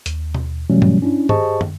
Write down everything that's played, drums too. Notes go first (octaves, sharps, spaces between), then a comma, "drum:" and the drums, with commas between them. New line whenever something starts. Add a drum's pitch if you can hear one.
D#2, drum: hi-hat
drum: tom B2
B2 E3 F#3 G3 A3 C#4
drum: tom
C#4 D4 E4
G4 G#4 C5 D#5 A5 C#6, drum: tom
drum: tom